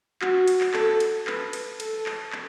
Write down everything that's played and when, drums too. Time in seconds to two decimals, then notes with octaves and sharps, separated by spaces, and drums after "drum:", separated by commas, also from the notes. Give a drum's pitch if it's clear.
0.22 F#4, drum: clap
0.48 drum: cymbal
0.61 drum: clap
0.74 A4, drum: clap
1.00 drum: cymbal
1.27 B4, drum: clap
1.53 drum: cymbal
1.80 A4, drum: cymbal
2.06 drum: clap
2.32 drum: clap